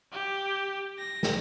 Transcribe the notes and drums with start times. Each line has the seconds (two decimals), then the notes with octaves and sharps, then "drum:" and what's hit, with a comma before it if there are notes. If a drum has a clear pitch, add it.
0.12 G4
0.99 A#6
1.23 drum: snare